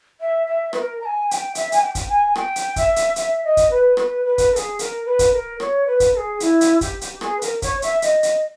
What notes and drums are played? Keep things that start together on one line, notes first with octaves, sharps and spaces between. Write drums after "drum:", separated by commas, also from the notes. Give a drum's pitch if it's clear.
E5
E5
B4, drum: rim click
A#4
A#5
G#5
G#5
G5, drum: hi-hat
E5, drum: hi-hat
G#5, drum: hi-hat
G5
drum: kick, hi-hat
G#5
G5, drum: rim click
drum: hi-hat
E5, drum: kick, hi-hat
drum: hi-hat
E5, drum: hi-hat
D#5
drum: kick, hi-hat
B4
B4, drum: rim click
B4
drum: kick, hi-hat
A#4
G#4, drum: hi-hat
A#4, drum: hi-hat
B4
drum: kick, hi-hat
A#4
C#5, drum: rim click
B4
drum: kick, hi-hat
A#4
G#4
E4, drum: hi-hat
drum: hi-hat
G4, drum: kick, hi-hat
drum: hi-hat
G#4, drum: rim click
B4
A#4, drum: hi-hat
C#5, drum: kick, hi-hat
E5, drum: hi-hat
D#5, drum: hi-hat
drum: hi-hat